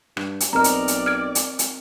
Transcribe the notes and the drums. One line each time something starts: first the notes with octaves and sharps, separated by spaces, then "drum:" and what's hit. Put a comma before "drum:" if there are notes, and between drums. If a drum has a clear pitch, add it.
G2, drum: rim click
drum: hi-hat
B1 C4 A#4 D5 D#5 A#5 F6
drum: hi-hat
drum: hi-hat
F6 G#6 D7
drum: hi-hat
drum: hi-hat